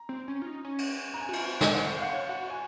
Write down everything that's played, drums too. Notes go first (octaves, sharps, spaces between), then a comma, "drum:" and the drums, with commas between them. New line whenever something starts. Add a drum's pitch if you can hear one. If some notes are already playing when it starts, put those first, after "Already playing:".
Already playing: A#5
C4
C#4
F4
D#4
C#4
drum: cymbal
A#5
G#5
F#4
F4, drum: cymbal
F#4
A#4, drum: snare
C5 F#5
C5 F5
F#5
C#5
F#4 F#5
G#5